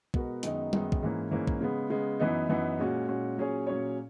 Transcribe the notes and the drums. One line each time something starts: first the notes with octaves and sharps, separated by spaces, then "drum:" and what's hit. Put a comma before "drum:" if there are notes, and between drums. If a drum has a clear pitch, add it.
B2 G#3 B3 F#4 A#4, drum: kick
F#2 D#3 G#3 B3 D#4, drum: hi-hat
F#2 D#3 G#3 B3 D#4, drum: tom G3
drum: kick
G#2 E3 A#3 C#4
G#2 E3 A#3 C#4
drum: kick
C#3 G#3 B3
C#3 G#3 B3
F#2 E3 B3 D#4
F#2 E3 B3 D#4
A#2 G#3 C#4 F#4
A#2 G#3 C#4 F#4
A#2 F#3 C#4 G#4 C#5
A#2 F#3 C#4 G#4 C#5